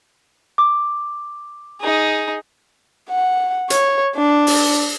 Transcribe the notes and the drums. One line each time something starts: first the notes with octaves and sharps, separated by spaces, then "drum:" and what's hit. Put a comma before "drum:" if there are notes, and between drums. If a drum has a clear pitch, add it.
D6
D#4 G#4
F#5
C#5, drum: hi-hat
D4
drum: open hi-hat